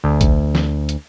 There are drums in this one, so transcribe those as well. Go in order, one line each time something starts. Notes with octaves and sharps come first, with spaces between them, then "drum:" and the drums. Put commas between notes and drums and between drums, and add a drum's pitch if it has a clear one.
D2
drum: kick A#1, hi-hat
drum: snare
drum: hi-hat